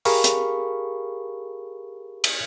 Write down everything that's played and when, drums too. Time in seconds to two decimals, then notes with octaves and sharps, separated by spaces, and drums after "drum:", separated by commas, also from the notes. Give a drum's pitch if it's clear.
0.05 G4 G#4 A#4 F5 B5 C#6, drum: open hi-hat
0.24 drum: hi-hat
2.24 drum: cymbal